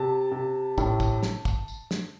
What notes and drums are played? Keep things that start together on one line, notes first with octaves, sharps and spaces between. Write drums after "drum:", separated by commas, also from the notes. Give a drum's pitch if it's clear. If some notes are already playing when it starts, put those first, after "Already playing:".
Already playing: C3 A5
C3
A2, drum: kick, tambourine
drum: kick, tambourine
drum: snare
drum: kick, tambourine
drum: tambourine
drum: snare